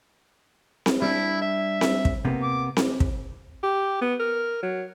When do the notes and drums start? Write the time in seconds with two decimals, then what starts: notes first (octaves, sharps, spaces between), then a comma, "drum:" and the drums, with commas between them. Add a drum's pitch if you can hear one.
0.86 drum: snare C4
1.02 G3 D4 E4
1.42 E5
1.81 drum: snare C4
2.05 drum: kick
2.25 C3 A#3 B3
2.43 D6
2.77 drum: snare C4
3.00 drum: kick
3.63 G4
4.02 B3
4.20 A#4
4.63 F#3